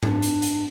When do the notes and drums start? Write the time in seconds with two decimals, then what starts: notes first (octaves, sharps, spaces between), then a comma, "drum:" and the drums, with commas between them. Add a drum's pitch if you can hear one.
0.03 D4, drum: tom G#2
0.22 drum: hi-hat
0.42 drum: hi-hat